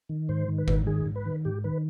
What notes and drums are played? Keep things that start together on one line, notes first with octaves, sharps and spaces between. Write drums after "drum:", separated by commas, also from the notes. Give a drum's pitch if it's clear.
D#3
G#2 C5
D#3
B4
G#2, drum: kick G1
D#3 G#4
G#2
B4
D#3
G#2 G4
D#3 B4